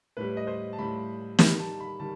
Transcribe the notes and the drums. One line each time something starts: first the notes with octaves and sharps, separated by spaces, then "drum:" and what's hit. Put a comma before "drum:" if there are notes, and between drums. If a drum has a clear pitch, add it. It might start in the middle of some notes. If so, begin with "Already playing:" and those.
A2 G3 B4
D#5
C5
A5
A2 G3 B5
D#3 G3 B5, drum: snare
A5
B5
D#3 G3 A5